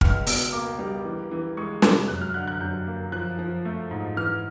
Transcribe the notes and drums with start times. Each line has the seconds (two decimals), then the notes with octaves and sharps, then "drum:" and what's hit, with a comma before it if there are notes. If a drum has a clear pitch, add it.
0.01 C#2 F6, drum: kick
0.27 B2 E6, drum: open hi-hat
0.52 A#3 D6
0.79 G3
1.05 E3
1.31 E3
1.57 G#3 C#6
1.82 C3 D6, drum: snare
2.08 F#2 F#6
2.21 F6
2.34 D3 F#6
2.48 F#6
2.60 F#2 G6
2.87 A#3
3.12 F3 F#6
3.39 F3
3.65 A3
3.91 G#2
4.16 E3 F6